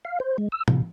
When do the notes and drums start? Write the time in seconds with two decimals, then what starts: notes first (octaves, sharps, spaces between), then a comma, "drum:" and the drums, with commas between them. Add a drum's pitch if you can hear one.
0.05 F5
0.20 C5
0.38 G#3
0.52 E6
0.68 C3, drum: tom